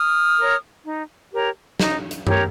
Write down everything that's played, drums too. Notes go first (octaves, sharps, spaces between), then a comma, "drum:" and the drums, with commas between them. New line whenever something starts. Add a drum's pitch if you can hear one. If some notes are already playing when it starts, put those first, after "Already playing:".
Already playing: D#6 F6
A#4 C#5
D#4
G4 A#4 C#5
D#4, drum: snare
drum: hi-hat
G4 A#4 C#5, drum: tom F#2